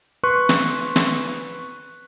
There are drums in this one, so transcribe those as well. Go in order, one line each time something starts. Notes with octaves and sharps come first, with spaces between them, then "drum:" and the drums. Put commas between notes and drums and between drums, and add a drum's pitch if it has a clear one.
B4 C6 C#6 F#6
drum: snare
drum: snare